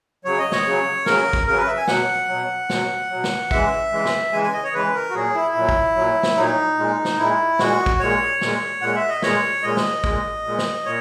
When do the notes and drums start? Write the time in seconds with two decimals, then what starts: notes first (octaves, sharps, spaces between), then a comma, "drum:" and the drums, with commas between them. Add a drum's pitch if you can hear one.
0.25 C#3 F#3 C#5
0.38 D#5
0.52 C#5, drum: snare
0.66 C#3 F#3
1.06 C#3 F#3 A#4, drum: snare
1.33 drum: kick
1.47 C#3 F#3 A#4
1.57 B4
1.68 E5
1.78 G#5
1.87 B2 F#3 F#5, drum: snare
2.29 B2 F#3
2.70 B2 F#3, drum: snare
3.11 B2 F#3
3.24 drum: snare
3.51 C#3 E3 G#3 E5, drum: kick
3.92 C#3 E3 G#3
4.05 drum: snare
4.32 C#3 E3 G#3 G#5
4.43 G#5
4.53 D#5
4.63 C#5
4.73 C#3 E3 G#3 B4
4.94 A#4
5.10 F#4
5.14 A#2 F#3 G#4
5.34 E4
5.55 A#2 F#3
5.69 drum: kick
5.96 A#2 F#3
6.23 drum: snare
6.36 A#2 F#3 D#4
6.78 A#2 G#3
7.05 drum: snare
7.18 A#2 G#3 E4
7.59 A#2 G#3 F#4, drum: snare
7.86 drum: kick
8.00 A#2 G#3 C#5
8.41 A#2 G#3, drum: snare
8.81 A#2 G#3 F#5
8.96 E5
9.08 D#5
9.22 A#2 G#3 C#5, drum: snare
9.63 A#2 G#3 D#5
9.77 drum: snare
10.04 A#2 G#3, drum: kick
10.45 A#2 G#3
10.58 drum: snare
10.85 A#2 C#5